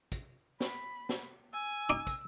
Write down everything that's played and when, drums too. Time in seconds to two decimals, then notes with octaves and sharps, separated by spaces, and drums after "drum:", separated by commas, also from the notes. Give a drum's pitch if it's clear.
0.12 drum: kick, hi-hat
0.60 B5, drum: snare
1.09 drum: snare
1.53 G#5 E6
1.90 D#4 D6
2.07 drum: kick, hi-hat